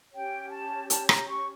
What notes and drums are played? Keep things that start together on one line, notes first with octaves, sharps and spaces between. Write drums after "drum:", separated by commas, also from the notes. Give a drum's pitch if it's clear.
C#4 G4 C#5 G5
A5
A5, drum: hi-hat
A#5, drum: rim click
C#6